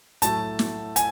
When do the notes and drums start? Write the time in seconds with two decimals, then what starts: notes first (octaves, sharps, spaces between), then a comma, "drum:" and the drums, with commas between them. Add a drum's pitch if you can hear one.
0.22 A2 F#3 A3 A5, drum: hi-hat
0.59 drum: snare
0.96 G#5, drum: hi-hat